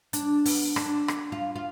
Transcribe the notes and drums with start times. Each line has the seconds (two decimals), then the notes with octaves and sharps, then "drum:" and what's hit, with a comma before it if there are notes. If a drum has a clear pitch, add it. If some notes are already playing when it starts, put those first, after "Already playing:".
0.13 D4, drum: hi-hat
0.45 B3, drum: open hi-hat
0.76 D4, drum: rim click
1.08 drum: rim click
1.32 F4
1.56 F4